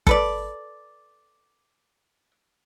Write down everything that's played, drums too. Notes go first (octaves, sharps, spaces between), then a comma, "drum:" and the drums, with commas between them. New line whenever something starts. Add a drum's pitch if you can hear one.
A4 B4 D5, drum: kick